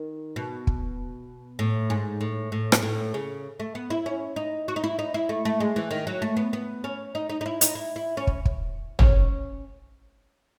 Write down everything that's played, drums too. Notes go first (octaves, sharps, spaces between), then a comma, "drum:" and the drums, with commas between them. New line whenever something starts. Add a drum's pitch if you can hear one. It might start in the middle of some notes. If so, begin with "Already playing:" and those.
Already playing: D#3
B2
drum: kick
A2
G#2
A2
A2
drum: rim click
A2
C#3
A3
B3
E4
C#4
D#4
F#4
D#4
E4
D#4
E4
A3
A3
G#3
E3
D#3
F#3
A3
B3
B3
C#4
D#4
D#4
D#4
E4
D#4, drum: hi-hat
E4
E4
C#4
drum: kick
drum: kick
C#4, drum: tom